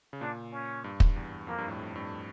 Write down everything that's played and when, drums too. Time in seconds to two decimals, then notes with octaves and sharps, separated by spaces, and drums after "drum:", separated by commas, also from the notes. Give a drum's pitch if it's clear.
0.13 C#3
0.21 A#2 D4
0.52 C#4
0.84 G2
1.00 drum: kick
1.16 E2
1.47 F2 A#3
1.58 G2
1.68 A2
1.79 F2
1.95 G2